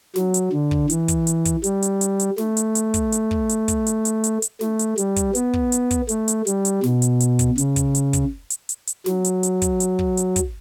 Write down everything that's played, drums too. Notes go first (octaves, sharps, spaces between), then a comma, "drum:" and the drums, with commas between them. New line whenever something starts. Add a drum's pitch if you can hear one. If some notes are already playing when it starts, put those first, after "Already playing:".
F#3, drum: snare
drum: hi-hat
D3
drum: kick
E3, drum: hi-hat
drum: kick, hi-hat
drum: hi-hat
drum: kick, hi-hat
G3, drum: hi-hat
drum: hi-hat
drum: hi-hat
drum: hi-hat
A3, drum: snare
drum: hi-hat
drum: hi-hat
drum: kick, hi-hat
drum: hi-hat
drum: kick
drum: hi-hat
drum: kick, hi-hat
drum: hi-hat
drum: hi-hat
drum: hi-hat
drum: hi-hat
A3, drum: snare
drum: hi-hat
G3, drum: hi-hat
drum: kick, hi-hat
B3, drum: hi-hat
drum: kick
drum: hi-hat
drum: kick, hi-hat
A3, drum: hi-hat
drum: hi-hat
G3, drum: hi-hat
drum: hi-hat
B2, drum: snare
drum: hi-hat
drum: hi-hat
drum: kick, hi-hat
C#3, drum: hi-hat
drum: kick, hi-hat
drum: hi-hat
drum: kick, hi-hat
drum: hi-hat
drum: hi-hat
drum: hi-hat
F#3, drum: snare
drum: hi-hat
drum: hi-hat
drum: kick, hi-hat
drum: hi-hat
drum: kick
drum: hi-hat
drum: kick, hi-hat